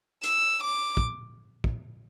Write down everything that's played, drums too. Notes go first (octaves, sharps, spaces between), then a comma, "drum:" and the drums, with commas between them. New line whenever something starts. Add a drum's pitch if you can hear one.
E6, drum: hi-hat
D6
drum: kick
drum: kick